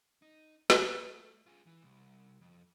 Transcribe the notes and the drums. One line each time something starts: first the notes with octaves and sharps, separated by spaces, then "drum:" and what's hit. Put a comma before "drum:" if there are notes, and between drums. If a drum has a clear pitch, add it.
D#4
A3, drum: snare
F4 G#4
E3
C2
F2